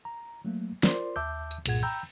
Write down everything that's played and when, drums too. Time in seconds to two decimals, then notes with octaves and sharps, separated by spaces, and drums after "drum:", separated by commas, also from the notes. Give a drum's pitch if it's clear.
0.05 A#5
0.45 F#3 A3 A#3
0.83 F4 A#4 C5 D5 C6, drum: snare
1.16 D#2 E5 A5 D6 E6 G6
1.51 drum: tambourine
1.66 C2 G2 A#2 G#4 F#5 G#6, drum: cymbal
1.83 G5 A#5 B5 E6 G6